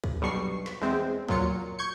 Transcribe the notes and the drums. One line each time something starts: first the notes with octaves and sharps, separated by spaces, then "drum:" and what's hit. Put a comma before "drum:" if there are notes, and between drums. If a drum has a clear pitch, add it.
drum: kick
B1 G2 B2 C#6 C7
drum: snare
E2 G#3 C4
A#2 F#3 F4 C#7, drum: kick
C#6 G6 G#6 C#7